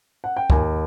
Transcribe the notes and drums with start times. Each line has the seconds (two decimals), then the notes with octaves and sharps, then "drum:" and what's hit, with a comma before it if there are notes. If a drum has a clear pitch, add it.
0.24 F#5
0.37 G5
0.50 D#2 G#5, drum: kick